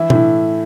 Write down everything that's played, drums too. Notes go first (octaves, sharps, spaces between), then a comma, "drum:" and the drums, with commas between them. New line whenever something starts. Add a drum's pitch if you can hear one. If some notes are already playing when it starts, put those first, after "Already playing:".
Already playing: E3 E4
A2, drum: tom B2
E4